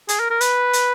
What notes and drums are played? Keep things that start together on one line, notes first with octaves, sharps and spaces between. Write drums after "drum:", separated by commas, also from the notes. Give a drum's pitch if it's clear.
G#4, drum: hi-hat
A#4
A#4
B4, drum: hi-hat
drum: hi-hat